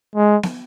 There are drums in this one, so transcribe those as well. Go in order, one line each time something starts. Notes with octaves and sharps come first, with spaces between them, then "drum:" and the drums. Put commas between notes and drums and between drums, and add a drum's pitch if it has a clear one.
G#3
drum: snare